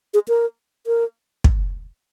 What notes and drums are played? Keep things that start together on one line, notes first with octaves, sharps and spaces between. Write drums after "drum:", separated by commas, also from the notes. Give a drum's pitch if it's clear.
G#4
A#4
A#4
drum: kick